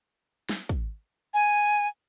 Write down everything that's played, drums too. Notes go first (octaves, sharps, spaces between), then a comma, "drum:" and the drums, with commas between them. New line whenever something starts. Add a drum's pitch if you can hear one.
drum: snare
drum: kick
G#5